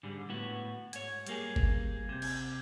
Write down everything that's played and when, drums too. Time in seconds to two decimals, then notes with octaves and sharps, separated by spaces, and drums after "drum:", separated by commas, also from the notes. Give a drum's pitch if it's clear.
0.03 G#2 D3 G3
0.29 A2 B3 F#4
0.93 G#2 C#5 G#6, drum: hi-hat
1.27 G3 A#3 G#4, drum: hi-hat
1.56 drum: kick G1
2.09 C3 G6 G#6
2.22 drum: cymbal